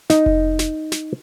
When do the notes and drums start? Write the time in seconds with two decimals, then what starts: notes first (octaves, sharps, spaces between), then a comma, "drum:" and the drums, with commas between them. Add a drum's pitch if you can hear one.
0.10 D#4, drum: snare
0.26 drum: kick F1
0.59 drum: snare
0.92 drum: snare